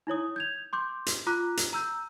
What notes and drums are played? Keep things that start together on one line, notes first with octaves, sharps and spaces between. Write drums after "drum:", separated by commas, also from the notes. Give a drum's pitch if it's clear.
D#4 E4 C#5 D#6
G6 G#6 F7
C6 D6 G6
drum: hi-hat
F4 A#5 D6 F#6
drum: hi-hat
A#5 E6 G6